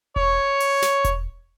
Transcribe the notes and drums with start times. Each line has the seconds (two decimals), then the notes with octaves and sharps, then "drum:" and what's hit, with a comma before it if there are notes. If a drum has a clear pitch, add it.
0.16 C#5, drum: kick E1
0.60 drum: open hi-hat
0.82 drum: snare
1.04 drum: kick E1, hi-hat